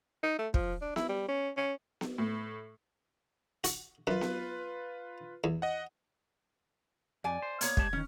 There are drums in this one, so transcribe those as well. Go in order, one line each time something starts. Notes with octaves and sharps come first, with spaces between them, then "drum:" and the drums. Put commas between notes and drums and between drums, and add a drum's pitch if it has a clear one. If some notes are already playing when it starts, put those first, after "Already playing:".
D#4
A3
F3, drum: kick
D4
E4, drum: snare B3
G3
C#4
C#4
drum: snare B3
A2
F#4, drum: hi-hat
F#2 F4 B4
drum: snare B3
E2
D#5 F#5
F2 D5 G#5
C5
A#3 B3 C#5 G#6, drum: hi-hat
G#3 G4 A5, drum: kick
D#3 F3 C#4